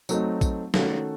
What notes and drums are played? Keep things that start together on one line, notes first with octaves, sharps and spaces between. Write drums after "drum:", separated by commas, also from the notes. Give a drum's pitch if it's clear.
F#3 A3 C4 D#4, drum: tambourine
drum: kick, tambourine
D#3 A3 C#4 F#4 A4, drum: snare